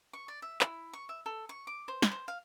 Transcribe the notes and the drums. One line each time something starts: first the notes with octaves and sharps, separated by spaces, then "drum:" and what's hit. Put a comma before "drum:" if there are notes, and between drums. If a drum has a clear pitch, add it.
C#6
D5
E5
E4, drum: clap
C#6
E5
A4
C#6
D6
C5
drum: snare
C5
F5